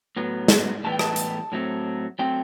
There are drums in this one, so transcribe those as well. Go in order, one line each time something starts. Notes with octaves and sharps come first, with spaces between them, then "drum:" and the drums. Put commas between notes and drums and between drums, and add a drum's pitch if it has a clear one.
A2 F#3 B3
drum: snare
A2 E3 G3 B3 A5
G5
A5, drum: rim click
drum: hi-hat
A2 F#3 A3 C4
F#3 A3 C4 G5